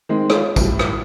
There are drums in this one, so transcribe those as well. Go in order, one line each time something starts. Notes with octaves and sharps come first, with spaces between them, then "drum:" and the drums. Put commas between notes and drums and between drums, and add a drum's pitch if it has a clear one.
D#3 G#3 C4
F4 C#5, drum: rim click
A2 G3, drum: kick, tambourine
drum: rim click